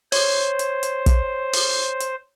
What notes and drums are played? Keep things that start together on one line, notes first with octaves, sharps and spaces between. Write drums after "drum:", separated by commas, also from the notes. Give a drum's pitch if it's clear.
C5 C#5, drum: open hi-hat
drum: hi-hat
drum: hi-hat
drum: kick, hi-hat
drum: open hi-hat
drum: hi-hat